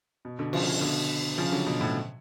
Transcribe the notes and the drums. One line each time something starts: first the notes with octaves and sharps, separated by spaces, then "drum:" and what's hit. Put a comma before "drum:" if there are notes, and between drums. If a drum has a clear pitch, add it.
B2
B2 D3
C#3 F3, drum: cymbal
B2 D3
C#3 F3
D3 F#3
B2
A2